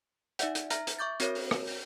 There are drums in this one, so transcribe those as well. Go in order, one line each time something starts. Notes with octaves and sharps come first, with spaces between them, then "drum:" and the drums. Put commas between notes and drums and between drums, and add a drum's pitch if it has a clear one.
D#4 D5 E5 F#5, drum: hi-hat
drum: hi-hat
E5 A#5 F6 A#6, drum: hi-hat
drum: hi-hat
E5 C#6 D6 G6 A6
C4 F#4 A#4 C#5 A#6, drum: hi-hat
drum: open hi-hat
drum: rim click
drum: open hi-hat